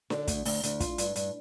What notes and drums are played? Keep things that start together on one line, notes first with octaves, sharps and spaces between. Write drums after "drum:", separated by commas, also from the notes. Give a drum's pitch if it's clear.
D3, drum: snare D4
D2, drum: kick, hi-hat
D2, drum: open hi-hat
D2, drum: hi-hat
F4, drum: kick, hi-hat
G2, drum: hi-hat
G2, drum: hi-hat